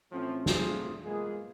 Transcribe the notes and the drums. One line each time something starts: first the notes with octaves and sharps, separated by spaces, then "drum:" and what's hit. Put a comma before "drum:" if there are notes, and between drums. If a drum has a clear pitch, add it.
A2 E3 F3 A3 C4 C#4
A3 C4 D4 F4 G#4, drum: snare
G#3 A#3 B3 F4 G#4